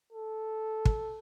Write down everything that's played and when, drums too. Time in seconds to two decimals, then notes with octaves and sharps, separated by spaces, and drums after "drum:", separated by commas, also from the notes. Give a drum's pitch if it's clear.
0.12 A4
0.85 drum: kick